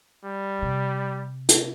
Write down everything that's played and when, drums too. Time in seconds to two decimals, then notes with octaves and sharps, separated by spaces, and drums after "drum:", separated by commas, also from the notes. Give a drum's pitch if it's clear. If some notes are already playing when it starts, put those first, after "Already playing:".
0.25 G3
0.62 C3
1.49 drum: hi-hat